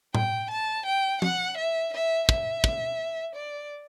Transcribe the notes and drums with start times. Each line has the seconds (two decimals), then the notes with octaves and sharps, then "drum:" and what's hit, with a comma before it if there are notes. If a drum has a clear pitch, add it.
0.15 G5, drum: tom A2
0.51 A5
0.86 G5
1.22 F#5, drum: tom
1.58 E5
1.93 E5
2.29 E5, drum: kick
2.64 drum: kick
3.36 D5